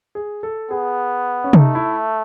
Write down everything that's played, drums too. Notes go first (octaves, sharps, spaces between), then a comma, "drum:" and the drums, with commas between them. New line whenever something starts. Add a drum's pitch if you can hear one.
G#4
A4
B3 G#4
C#4
A3 D#4, drum: tom C3
E4